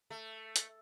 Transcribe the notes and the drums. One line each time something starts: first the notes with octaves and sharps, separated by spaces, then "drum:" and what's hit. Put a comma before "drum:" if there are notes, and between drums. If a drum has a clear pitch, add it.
A3
drum: hi-hat